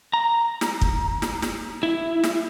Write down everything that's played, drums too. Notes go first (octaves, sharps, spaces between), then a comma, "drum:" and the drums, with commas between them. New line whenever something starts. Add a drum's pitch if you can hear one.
A#5
drum: snare
drum: kick
drum: snare
drum: snare
E4
drum: snare